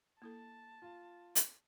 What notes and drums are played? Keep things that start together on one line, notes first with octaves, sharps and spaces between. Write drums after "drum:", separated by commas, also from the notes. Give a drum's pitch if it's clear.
A#3 E4 A4 A5
F4
drum: hi-hat